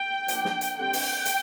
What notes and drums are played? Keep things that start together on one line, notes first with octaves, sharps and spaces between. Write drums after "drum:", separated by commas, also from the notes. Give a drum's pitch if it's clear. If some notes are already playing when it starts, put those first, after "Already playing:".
Already playing: G5
F3 A#3 D4, drum: hi-hat
drum: snare
drum: hi-hat
D3 G3 C4 G5
drum: open hi-hat
drum: hi-hat